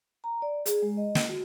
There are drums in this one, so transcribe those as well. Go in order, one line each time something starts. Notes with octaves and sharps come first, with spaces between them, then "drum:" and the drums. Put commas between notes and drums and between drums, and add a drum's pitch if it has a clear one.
A#5
D5
G#4, drum: hi-hat
G#3
D#5
drum: snare
F#4